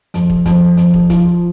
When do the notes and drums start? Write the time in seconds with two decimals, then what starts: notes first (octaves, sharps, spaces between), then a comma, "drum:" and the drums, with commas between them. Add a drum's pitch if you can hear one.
0.14 F2, drum: hi-hat
0.30 drum: kick
0.46 F2, drum: kick, hi-hat
0.77 F2, drum: hi-hat
0.94 drum: kick
1.10 F3, drum: kick, hi-hat